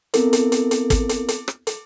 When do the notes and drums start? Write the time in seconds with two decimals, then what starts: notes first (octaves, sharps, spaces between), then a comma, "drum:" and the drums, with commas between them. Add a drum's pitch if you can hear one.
0.14 B3 C4 E4 A4 A#4, drum: hi-hat
0.33 drum: hi-hat
0.52 drum: hi-hat
0.71 drum: hi-hat
0.90 drum: kick, hi-hat
1.09 drum: hi-hat
1.28 drum: hi-hat
1.48 drum: rim click
1.67 drum: hi-hat